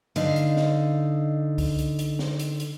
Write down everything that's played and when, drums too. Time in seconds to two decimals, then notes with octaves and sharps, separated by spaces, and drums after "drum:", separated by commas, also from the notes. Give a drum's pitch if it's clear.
0.16 D3 D#4 F5, drum: hi-hat
0.36 drum: hi-hat
0.56 drum: snare
1.58 drum: kick C2, open hi-hat
1.78 drum: hi-hat
1.99 drum: hi-hat
2.19 drum: snare
2.39 drum: hi-hat
2.60 drum: hi-hat